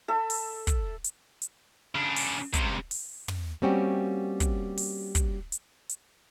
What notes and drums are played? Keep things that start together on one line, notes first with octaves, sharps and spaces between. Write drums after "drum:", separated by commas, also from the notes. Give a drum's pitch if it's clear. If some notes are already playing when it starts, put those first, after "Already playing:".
A4 E5
drum: open hi-hat
drum: kick, hi-hat
drum: hi-hat
drum: hi-hat
C#3 D4
drum: open hi-hat
C#2 C3, drum: kick, hi-hat
drum: open hi-hat
drum: tom
G3 A#3 C4 C#4 F#4 G4
drum: kick, hi-hat
drum: open hi-hat
drum: kick, hi-hat
drum: hi-hat
drum: hi-hat